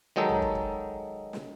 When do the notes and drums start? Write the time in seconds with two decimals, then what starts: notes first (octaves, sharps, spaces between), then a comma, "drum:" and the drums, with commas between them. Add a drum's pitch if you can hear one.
0.16 D#3 F#3 G#3 D#4 A4
0.29 drum: tom B1
0.42 drum: kick
0.55 drum: kick
1.33 drum: snare